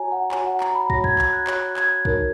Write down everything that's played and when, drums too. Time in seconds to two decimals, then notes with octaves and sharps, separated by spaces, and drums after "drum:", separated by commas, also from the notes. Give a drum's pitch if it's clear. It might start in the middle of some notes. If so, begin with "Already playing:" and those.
Already playing: F#4 C#5 G#5 A#5
0.12 F#5
0.31 F#4 C#5 G#5, drum: clap
0.46 F#5
0.60 A#5, drum: clap
0.75 B5
0.90 F#4 C#5 A#6, drum: kick
1.04 G#6, drum: kick
1.18 G#6, drum: clap
1.33 F#6
1.47 F#4 C#5 F#6, drum: clap
1.77 G#6, drum: clap
2.05 D#4 F#4 A#4 C#5, drum: kick